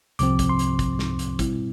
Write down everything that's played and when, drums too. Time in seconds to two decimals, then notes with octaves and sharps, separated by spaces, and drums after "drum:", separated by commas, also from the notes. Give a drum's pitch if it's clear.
0.19 C2 C3 F3 C4 D6, drum: hi-hat
0.39 drum: kick, hi-hat
0.49 C6
0.59 drum: hi-hat
0.79 drum: kick, hi-hat
0.99 drum: snare
1.19 drum: hi-hat
1.39 B2 G3 C4 E4, drum: kick, hi-hat